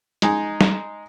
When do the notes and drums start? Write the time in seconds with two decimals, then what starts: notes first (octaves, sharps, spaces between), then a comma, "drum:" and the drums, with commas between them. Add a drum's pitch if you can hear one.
0.22 G#3 D#4 G#4, drum: hi-hat
0.61 drum: snare